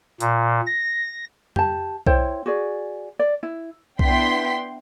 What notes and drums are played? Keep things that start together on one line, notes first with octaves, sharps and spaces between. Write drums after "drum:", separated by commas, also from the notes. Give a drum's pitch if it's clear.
A#2, drum: hi-hat
A#6
G4 A5, drum: tom F2
E4 C5 C#5 G5, drum: kick B1
F#4 G#4 D5
D5
E4
B3 D4 E4 G5 C6 B6, drum: kick B1